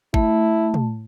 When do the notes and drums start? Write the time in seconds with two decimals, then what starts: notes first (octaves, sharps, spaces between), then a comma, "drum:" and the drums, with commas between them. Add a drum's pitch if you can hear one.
0.14 A3 E4, drum: kick G1
0.74 drum: tom